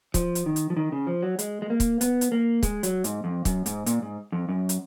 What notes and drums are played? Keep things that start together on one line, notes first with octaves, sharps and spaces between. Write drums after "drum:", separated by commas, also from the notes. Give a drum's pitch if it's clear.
F3, drum: kick, hi-hat
drum: hi-hat
D#3
drum: hi-hat
F3
D#3
C#3
F3
F#3
G#3, drum: hi-hat
G#3
A#3
drum: kick, hi-hat
B3, drum: hi-hat
drum: hi-hat
A#3
G#3, drum: kick, hi-hat
F#3, drum: hi-hat
G#2, drum: hi-hat
F2
F#2, drum: kick, hi-hat
G#2, drum: hi-hat
A#2, drum: hi-hat
G#2
F2
F#2
drum: hi-hat